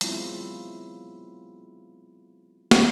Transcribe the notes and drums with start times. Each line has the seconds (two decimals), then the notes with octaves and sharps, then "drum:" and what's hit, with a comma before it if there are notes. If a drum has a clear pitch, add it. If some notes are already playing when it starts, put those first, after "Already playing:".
0.01 F#3 G#3 B3 C4 E4 F4, drum: hi-hat
2.71 drum: snare